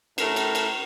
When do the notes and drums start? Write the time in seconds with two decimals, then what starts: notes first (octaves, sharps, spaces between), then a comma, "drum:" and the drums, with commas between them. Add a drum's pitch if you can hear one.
0.18 A2 A#4, drum: cymbal
0.36 drum: cymbal
0.55 drum: cymbal